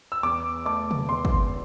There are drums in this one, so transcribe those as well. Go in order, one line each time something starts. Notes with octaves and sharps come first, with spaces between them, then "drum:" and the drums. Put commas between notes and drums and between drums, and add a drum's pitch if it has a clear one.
E6
E2 D6
A3 D6
drum: tom C3
E2 C6
drum: kick